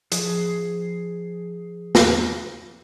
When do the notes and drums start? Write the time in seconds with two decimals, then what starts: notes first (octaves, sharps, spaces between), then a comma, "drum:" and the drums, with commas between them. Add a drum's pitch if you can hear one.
0.12 F3 G#4, drum: hi-hat
1.95 drum: snare